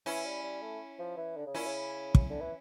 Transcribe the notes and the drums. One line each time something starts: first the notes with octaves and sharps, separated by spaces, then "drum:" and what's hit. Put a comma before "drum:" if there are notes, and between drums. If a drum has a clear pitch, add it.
E3 C#4 E4
G3
G3
A3
F3
E3
D3
C#3
A#2 C#4 E4
C#3
drum: kick
D3
E3